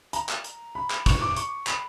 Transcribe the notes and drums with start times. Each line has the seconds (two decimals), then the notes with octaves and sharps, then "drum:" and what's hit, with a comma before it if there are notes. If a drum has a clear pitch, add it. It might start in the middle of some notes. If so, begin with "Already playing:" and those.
0.13 A#5, drum: hi-hat
0.29 drum: clap
0.44 drum: hi-hat
0.75 B5
0.90 drum: clap
1.06 C#6, drum: kick, hi-hat
1.21 D6
1.36 C#6, drum: hi-hat
1.67 B5, drum: clap